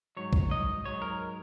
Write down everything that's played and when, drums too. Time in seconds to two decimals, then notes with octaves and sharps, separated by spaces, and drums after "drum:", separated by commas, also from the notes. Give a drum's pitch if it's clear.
0.17 G#2 F#3 C#5
0.33 drum: kick
0.51 D#5
0.85 G#2 F#3 C#5
1.02 A#4